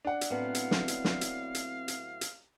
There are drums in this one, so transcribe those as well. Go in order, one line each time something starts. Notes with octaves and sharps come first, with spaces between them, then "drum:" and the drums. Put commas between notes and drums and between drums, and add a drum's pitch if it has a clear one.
D4 F#5
drum: hi-hat
A2 F#3 B3 C4 F5
drum: hi-hat
drum: snare
drum: hi-hat
drum: snare
drum: hi-hat
drum: hi-hat
drum: hi-hat
drum: hi-hat